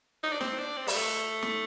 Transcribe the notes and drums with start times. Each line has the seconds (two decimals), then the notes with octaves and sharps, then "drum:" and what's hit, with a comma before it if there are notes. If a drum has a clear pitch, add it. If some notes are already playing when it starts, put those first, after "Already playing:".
0.23 D#4
0.32 D4
0.40 C4, drum: snare
0.59 D4
0.77 C4
0.88 G3, drum: open hi-hat
0.95 A3
1.43 drum: snare